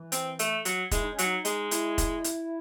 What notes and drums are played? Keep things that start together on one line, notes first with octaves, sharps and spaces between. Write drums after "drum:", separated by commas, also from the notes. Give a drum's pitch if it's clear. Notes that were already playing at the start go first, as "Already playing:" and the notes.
Already playing: E3
C4, drum: hi-hat
A3, drum: hi-hat
F#3, drum: hi-hat
G#3 E4, drum: kick E1, hi-hat
D#4
C#4
F#3, drum: hi-hat
D#4
G#3, drum: hi-hat
E4, drum: hi-hat
drum: kick E1, hi-hat
drum: hi-hat